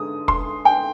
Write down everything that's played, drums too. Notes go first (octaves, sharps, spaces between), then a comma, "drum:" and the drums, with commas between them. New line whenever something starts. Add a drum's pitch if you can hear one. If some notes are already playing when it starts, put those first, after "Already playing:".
Already playing: D3 G#3 D#6
C6, drum: kick
G5